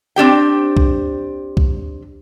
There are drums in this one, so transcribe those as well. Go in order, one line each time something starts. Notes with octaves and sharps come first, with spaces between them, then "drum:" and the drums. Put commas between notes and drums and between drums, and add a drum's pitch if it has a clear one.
C4 D4 G4 G5
drum: kick
drum: kick